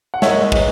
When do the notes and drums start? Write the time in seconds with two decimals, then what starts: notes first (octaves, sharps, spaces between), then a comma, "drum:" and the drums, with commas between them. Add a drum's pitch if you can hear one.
0.14 F#5
0.22 D#3 G#3 D#4 C#5 E5, drum: snare
0.52 E3 G#3 D#4, drum: kick